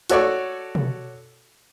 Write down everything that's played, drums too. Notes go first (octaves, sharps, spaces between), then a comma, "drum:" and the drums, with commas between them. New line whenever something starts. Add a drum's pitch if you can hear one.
F#4 A4 C#5 D5 C#6 E6, drum: hi-hat
drum: tom B2